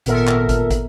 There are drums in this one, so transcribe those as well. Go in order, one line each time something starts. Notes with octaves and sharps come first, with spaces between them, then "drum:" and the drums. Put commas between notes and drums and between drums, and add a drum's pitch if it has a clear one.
G#1 A#2 B3 A4 A#4 E5, drum: hi-hat
drum: clap
drum: kick, hi-hat
drum: kick, hi-hat